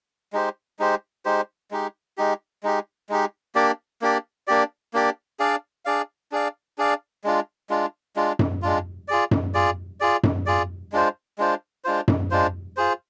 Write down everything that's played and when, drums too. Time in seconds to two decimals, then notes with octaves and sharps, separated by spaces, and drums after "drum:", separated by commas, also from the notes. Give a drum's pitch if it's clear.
0.33 G#3 D#4 G4 C5
0.79 G#3 D#4 G4 C5
1.25 G#3 D#4 G4 C5
1.71 G#3 D#4 G4
2.18 G#3 D#4 G4
2.63 G#3 D#4 G4
3.09 G#3 D#4 G4
3.55 A#3 D4 G4 D5
4.02 A#3 D4 G4 D5
4.48 A#3 D4 G4 D5
4.94 A#3 D4 G4 D5
5.39 D4 G#4 D5 F5
5.85 D4 G#4 D5 F5
6.32 D4 G#4 D5 F5
6.78 D4 G#4 D5 F5
7.24 G#3 D4 F4
7.70 G#3 D4 F4
8.16 G#3 D4 F4
8.39 drum: tom F#2
8.62 G#3 D4 F4
9.08 F4 G#4 D5
9.31 drum: tom F#2
9.54 F4 G#4 D5
10.00 F4 G#4 D5
10.23 drum: tom F#2
10.46 F4 G#4 D5
10.92 G#3 D4 F4 C5
11.38 G#3 D4 F4 C5
11.84 G#3 D4 F4 C5
12.08 drum: tom F#2
12.31 G#3 D4 F4 C5
12.77 F4 G#4 C5